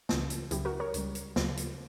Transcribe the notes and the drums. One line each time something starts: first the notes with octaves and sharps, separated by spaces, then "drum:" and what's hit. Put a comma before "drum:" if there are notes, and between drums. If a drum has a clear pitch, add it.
C#2 C#3 E3 G3, drum: snare
drum: hi-hat
C#2 C#3 F#3 E4 G4, drum: hi-hat
F#4 A#4
A#4 C#5
C#2 C#3 G3, drum: hi-hat
drum: hi-hat
D2 C#3 F#3, drum: snare
drum: hi-hat